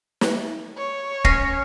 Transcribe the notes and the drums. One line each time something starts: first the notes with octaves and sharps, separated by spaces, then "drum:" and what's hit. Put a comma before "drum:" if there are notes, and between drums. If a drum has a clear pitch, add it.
drum: snare
C#5
C#4 A#6 C7, drum: kick